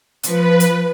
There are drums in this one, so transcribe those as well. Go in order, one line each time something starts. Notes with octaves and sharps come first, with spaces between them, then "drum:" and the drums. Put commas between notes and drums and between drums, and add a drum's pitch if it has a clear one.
F3 B4, drum: hi-hat
drum: hi-hat